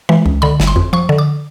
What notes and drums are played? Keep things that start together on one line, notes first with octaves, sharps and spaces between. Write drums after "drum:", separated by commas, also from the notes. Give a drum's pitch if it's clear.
E3, drum: tom G#3
C#2
D3 B5
G1, drum: snare
C6
F2
F3 C#6
D3
D6